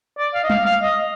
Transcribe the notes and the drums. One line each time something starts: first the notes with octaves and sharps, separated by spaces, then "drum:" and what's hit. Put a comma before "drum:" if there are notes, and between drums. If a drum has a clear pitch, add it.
D5
F5
D#5
F5, drum: tom G3
F5
D#5